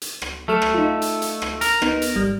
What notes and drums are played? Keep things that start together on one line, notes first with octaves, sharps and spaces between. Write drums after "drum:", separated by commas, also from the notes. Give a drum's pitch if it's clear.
drum: hi-hat
drum: rim click
F#3 A3 A4 F6
drum: rim click
D#4 F4
drum: hi-hat
drum: hi-hat
drum: rim click
A#4, drum: hi-hat
B3 D#4, drum: rim click
drum: hi-hat
G#1 G3